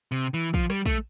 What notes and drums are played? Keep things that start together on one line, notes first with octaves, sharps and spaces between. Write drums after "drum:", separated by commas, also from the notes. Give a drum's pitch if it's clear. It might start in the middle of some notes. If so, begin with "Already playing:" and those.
C3
E3
F3, drum: kick
G3, drum: rim click
A3, drum: kick